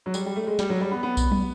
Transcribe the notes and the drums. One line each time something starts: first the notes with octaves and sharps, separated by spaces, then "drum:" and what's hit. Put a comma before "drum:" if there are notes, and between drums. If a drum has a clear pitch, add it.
F#3
G3, drum: tambourine
G3
A3
G#3
G3, drum: snare
F#3
G3
B3
B3
drum: kick B1, tambourine
drum: tom